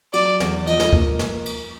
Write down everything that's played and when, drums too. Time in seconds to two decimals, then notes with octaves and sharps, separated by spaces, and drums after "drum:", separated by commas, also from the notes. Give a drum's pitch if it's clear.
0.13 F#3 D5, drum: cymbal
0.40 E2, drum: snare
0.67 F3 D#5, drum: cymbal
0.80 drum: snare
0.93 A#3, drum: kick
1.19 drum: snare
1.46 drum: cymbal